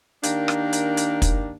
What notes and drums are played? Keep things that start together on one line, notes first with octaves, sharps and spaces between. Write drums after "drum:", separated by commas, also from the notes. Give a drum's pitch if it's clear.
D#3 A#3 D4 G4, drum: hi-hat
drum: rim click
drum: hi-hat
drum: hi-hat
drum: kick, hi-hat